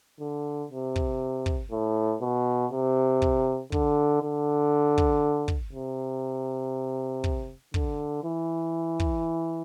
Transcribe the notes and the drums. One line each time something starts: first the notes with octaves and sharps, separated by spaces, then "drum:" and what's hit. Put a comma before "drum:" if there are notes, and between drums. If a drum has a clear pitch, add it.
D3
C3
drum: kick
drum: kick
A2
B2
C3
drum: kick
D3, drum: kick
D3
drum: kick
drum: kick
C3
drum: kick
D3, drum: kick
E3
drum: kick